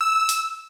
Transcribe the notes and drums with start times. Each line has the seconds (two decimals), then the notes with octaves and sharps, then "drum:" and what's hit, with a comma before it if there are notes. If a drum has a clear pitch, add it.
0.01 E6
0.29 drum: open hi-hat